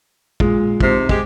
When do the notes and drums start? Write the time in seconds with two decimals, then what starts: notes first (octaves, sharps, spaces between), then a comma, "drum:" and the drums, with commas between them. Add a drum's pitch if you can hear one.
0.40 A#2 G#3, drum: kick
0.80 G#2 C3, drum: kick
1.09 G#3 G4, drum: kick